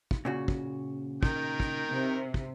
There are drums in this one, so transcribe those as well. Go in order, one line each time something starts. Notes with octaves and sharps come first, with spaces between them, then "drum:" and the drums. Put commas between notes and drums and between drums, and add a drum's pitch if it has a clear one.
drum: kick
A#2 C#3 F#4
drum: kick
D#3 A#4 G5, drum: kick
drum: kick
C3
drum: kick